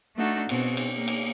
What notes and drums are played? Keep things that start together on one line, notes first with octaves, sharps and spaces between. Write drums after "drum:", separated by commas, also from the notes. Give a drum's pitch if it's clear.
A3 D4 D#4 F#4 A4
B2 C4, drum: cymbal
drum: cymbal
A#3
drum: cymbal